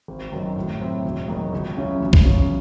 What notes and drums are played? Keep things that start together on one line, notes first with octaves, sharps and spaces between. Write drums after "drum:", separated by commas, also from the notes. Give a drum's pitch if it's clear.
G#1
F#2 D#3 F#3
A2
F#3 C4 E4
E1
E2 D#3 F#3
C#2
C#3 F#3 C#4 E4
E2
drum: kick B1
C#3 F#3 C#4